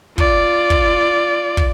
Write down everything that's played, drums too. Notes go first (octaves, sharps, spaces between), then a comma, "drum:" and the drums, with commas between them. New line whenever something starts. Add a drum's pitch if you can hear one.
F4 D5, drum: kick
drum: kick
drum: kick